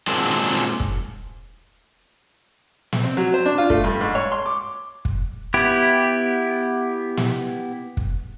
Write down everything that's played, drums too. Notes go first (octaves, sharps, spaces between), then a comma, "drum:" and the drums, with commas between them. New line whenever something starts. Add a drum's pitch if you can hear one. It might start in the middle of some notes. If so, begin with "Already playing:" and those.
A#2 D#3 F#3 G#3 C4 D4
drum: kick
drum: snare
C4
F#3
C5
D4
F4
A3, drum: kick
G2
G#2
C#5
C6
D6
drum: kick
B3 E4 G4
drum: snare
drum: kick